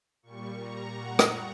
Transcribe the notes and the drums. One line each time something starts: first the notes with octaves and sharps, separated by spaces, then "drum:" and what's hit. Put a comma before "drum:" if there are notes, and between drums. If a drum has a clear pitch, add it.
A#2 G3 C#6
A#5
F#5
drum: rim click